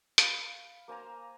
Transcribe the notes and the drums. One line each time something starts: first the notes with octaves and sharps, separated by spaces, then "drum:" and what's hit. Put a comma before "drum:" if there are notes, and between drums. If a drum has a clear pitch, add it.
F5 B5, drum: hi-hat
A#3 C5 G#5 A#5